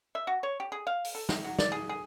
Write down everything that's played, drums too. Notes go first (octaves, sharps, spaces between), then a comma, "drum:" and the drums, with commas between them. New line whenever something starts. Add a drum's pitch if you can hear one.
E5
F#4
C#5
G4
G#4
F5
drum: open hi-hat
A4
C3, drum: snare
F#3
D5, drum: snare
G#4
G#4